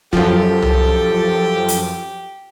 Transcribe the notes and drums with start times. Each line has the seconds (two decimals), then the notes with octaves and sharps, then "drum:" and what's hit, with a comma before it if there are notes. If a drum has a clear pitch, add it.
0.13 F#2 F3 G4 A4, drum: kick
0.62 drum: tom C2
1.68 drum: hi-hat